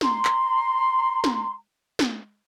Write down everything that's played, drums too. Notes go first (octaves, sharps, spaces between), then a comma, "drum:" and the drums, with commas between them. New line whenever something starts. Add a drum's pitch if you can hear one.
A#5 C6, drum: snare
drum: clap
drum: snare
drum: snare